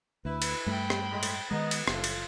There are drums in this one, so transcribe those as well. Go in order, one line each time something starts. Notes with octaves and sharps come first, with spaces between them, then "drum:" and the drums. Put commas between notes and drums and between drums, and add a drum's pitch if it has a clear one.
D2 E4 B4
drum: cymbal
G2 A3 G5 B5
drum: rim click
A2 G#3
drum: cymbal
D#3 G#3 B3 D#4 D#5
drum: cymbal
F#1 D3 E3 G3 F4 A4, drum: rim click
drum: cymbal